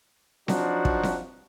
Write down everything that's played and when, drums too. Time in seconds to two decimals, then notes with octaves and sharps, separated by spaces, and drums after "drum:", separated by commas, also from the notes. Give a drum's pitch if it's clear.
0.48 F3 F#3 D4 D#4 F#4, drum: snare C4
0.85 drum: kick
1.03 drum: snare C4